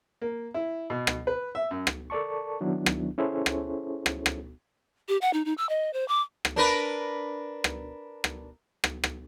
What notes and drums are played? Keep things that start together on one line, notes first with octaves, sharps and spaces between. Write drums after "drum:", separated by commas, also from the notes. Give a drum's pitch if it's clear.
A#3
E4
B2
drum: rim click
B4
E5
F#2
drum: rim click
A4 A#4 D5 A5 C#6
D#3 F#3 B3 D4 E4
drum: rim click
C#4 E4 G#4 A4 C5 C#5
drum: rim click
drum: rim click
drum: rim click
G4
F#5
D#4
D#4
E6
D#5
C5
D6
drum: rim click
D4 A#4 B4
drum: rim click
drum: rim click
drum: rim click
drum: rim click